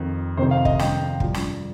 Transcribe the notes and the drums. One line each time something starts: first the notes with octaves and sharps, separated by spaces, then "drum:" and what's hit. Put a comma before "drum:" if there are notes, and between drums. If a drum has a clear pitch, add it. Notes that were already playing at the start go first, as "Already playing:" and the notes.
Already playing: F2 D#3
F2 C3 D#3 C5
F5
D#5, drum: kick
G5, drum: snare
G2 F3, drum: kick
drum: snare